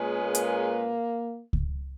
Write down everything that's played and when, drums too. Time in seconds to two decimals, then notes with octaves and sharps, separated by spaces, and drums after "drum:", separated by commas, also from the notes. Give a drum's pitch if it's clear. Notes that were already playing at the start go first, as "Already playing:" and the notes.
Already playing: A#2 G#3 C#4 G#4 B4
0.21 A#3
0.35 drum: hi-hat
1.53 drum: kick C#2